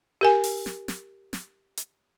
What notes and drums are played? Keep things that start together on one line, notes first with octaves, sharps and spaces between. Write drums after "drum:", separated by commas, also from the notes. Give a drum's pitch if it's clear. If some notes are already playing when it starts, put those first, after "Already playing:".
G4 A#4 G#5
drum: open hi-hat
drum: snare
drum: snare
drum: snare
drum: hi-hat